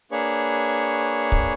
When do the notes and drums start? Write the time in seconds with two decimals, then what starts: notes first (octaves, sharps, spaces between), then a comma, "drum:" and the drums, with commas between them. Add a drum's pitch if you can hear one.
0.12 A#3 D4 G#4 B4 C#5 C#6
1.32 drum: kick